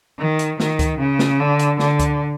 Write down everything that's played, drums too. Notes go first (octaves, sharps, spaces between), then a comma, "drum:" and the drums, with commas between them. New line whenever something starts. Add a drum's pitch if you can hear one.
D#3
drum: hi-hat
D#3, drum: snare
drum: kick C#2, hi-hat
C#3
drum: snare
D3
drum: hi-hat
D3, drum: snare
drum: kick C#2, hi-hat